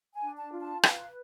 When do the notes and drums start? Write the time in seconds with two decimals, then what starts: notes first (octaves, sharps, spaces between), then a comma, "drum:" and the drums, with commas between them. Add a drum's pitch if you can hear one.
0.14 G#5
0.22 D4
0.37 A5
0.53 F4
0.60 A5
0.83 B4 F5, drum: rim click